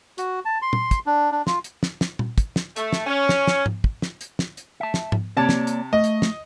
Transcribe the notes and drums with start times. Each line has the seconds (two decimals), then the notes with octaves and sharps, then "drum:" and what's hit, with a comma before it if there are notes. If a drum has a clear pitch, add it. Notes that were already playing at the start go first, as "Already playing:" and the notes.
0.18 F#4, drum: hi-hat
0.45 A5
0.62 C6
0.73 drum: tom
0.91 drum: kick, hi-hat
1.06 D4
1.32 D4
1.47 F4, drum: snare
1.64 drum: hi-hat
1.83 drum: snare
2.01 drum: snare
2.19 drum: tom A#2
2.38 drum: kick, hi-hat
2.56 drum: snare
2.76 A3, drum: hi-hat
2.93 drum: snare
3.07 C#4
3.29 drum: snare
3.47 drum: snare
3.66 drum: tom G#2
3.84 drum: kick
4.02 drum: snare
4.21 drum: hi-hat
4.39 drum: snare
4.57 drum: hi-hat
4.80 E5 A5
4.94 drum: snare
5.12 drum: tom G#2
5.37 C3 A#3 C#5 D5 A5
5.49 drum: snare
5.67 drum: hi-hat
5.93 A3 D#5
6.04 drum: hi-hat
6.22 drum: snare